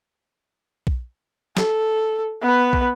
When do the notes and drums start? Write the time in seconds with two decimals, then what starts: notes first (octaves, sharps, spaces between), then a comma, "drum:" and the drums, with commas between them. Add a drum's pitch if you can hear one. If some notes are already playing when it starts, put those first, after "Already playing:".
0.87 drum: kick
1.57 A4, drum: snare
2.42 B3 B4
2.73 drum: kick